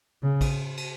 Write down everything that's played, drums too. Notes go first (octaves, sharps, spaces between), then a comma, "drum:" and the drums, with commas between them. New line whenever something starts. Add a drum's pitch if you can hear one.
C#3
drum: kick, cymbal
drum: cymbal